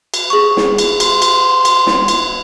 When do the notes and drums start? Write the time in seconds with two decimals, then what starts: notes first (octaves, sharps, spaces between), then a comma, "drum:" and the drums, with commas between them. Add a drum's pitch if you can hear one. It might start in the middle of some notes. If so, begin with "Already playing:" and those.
0.14 drum: cymbal
0.30 G#4 C#6
0.57 drum: snare
0.78 drum: cymbal
1.00 C6, drum: cymbal
1.22 drum: cymbal
1.65 drum: cymbal
1.87 drum: snare
2.08 drum: cymbal